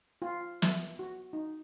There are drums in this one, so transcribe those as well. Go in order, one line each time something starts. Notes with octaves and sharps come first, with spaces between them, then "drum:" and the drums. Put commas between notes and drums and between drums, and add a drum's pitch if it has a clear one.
F4
E5, drum: snare
F#4
D#4